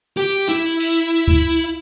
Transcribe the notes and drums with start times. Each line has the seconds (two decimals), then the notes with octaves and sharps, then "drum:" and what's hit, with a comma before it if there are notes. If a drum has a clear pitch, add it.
0.17 G4
0.49 E4
0.80 drum: open hi-hat
1.28 drum: kick C#2, hi-hat